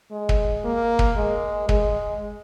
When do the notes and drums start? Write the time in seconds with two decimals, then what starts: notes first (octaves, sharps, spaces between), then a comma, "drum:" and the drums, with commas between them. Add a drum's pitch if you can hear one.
0.11 G#3
0.29 drum: kick
0.64 A#3
0.99 drum: kick
1.17 G#3
1.69 G#3, drum: kick